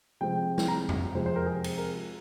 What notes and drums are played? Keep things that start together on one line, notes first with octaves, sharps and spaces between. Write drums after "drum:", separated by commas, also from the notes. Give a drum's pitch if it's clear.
C3 F3 G#3 C4 G5
drum: snare
A#5
drum: tom E2
C3 F3 G#3 C4 C5
C5
A#4
G#4
drum: cymbal
A#4